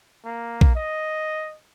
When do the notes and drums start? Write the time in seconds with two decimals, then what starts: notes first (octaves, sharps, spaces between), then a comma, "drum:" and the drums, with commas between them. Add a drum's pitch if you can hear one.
0.25 A#3
0.61 drum: kick A#1
0.75 D#5